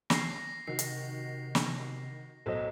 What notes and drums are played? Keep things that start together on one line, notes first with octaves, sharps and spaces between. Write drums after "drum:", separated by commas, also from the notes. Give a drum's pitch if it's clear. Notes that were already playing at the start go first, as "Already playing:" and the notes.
A#6 C7, drum: snare
C3 D#3 F#4 C7
drum: hi-hat
drum: snare
B1 A2 F#3 A4 C5 D#5